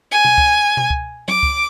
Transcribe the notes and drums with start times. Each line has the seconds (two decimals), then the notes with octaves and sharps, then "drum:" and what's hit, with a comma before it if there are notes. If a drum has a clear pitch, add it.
0.11 G#5
0.25 drum: tom B2
0.38 drum: kick C#2
0.77 drum: tom B2
0.90 drum: kick C#2
1.28 D6, drum: tom F#3
1.43 drum: kick C#2